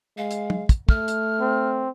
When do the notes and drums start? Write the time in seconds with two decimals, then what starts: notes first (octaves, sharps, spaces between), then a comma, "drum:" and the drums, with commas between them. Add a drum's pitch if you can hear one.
0.17 G#3 F5
0.31 drum: hi-hat
0.50 drum: tom
0.69 drum: kick, hi-hat
0.89 A3 F6, drum: kick
1.08 drum: hi-hat
1.41 C4